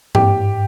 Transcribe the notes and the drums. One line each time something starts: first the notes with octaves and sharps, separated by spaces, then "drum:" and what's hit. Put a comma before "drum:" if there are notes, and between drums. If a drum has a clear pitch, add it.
G2 G4, drum: tom G#2